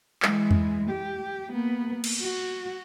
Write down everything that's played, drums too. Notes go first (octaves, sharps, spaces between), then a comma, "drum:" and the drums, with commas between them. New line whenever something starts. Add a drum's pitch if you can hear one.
E3 G#3, drum: clap
drum: tom E2
G4
A#3 B3
drum: cymbal
F#4